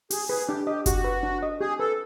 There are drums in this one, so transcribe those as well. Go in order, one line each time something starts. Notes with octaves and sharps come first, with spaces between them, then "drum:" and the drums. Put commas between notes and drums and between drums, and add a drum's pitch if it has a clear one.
G4 G#4, drum: open hi-hat
G#4 B4
D4 G4
G4 D#5
F#4 G4, drum: kick F#1, hi-hat
B4
D4
D#5
G4 G#4
A4 B4